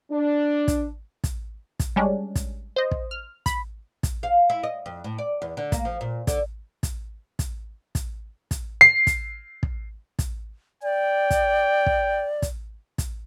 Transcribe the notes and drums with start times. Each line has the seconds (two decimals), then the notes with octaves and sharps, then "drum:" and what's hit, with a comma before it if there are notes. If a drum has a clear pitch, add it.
0.11 D4
0.68 drum: kick, hi-hat
1.24 drum: kick, hi-hat
1.80 drum: kick, hi-hat
1.96 G3 G#3 C#4 D4
2.35 drum: kick, hi-hat
2.76 C5 D#5
2.91 drum: kick
3.11 F6
3.46 B5, drum: kick, hi-hat
4.03 drum: kick, hi-hat
4.23 F5
4.50 E4
4.63 D#5
4.86 F2
5.04 A2
5.18 D5
5.42 E2
5.57 D3
5.72 A#3, drum: kick, hi-hat
5.85 F3
6.01 A#2
6.27 D3, drum: kick, hi-hat
6.83 drum: kick, hi-hat
7.39 drum: kick, hi-hat
7.95 drum: kick, hi-hat
8.51 drum: kick, hi-hat
8.81 C7
9.07 drum: kick, hi-hat
9.63 drum: kick
10.19 drum: kick, hi-hat
10.83 D5 G5
11.31 drum: kick, hi-hat
11.86 drum: kick
12.42 drum: kick, hi-hat
12.98 drum: kick, hi-hat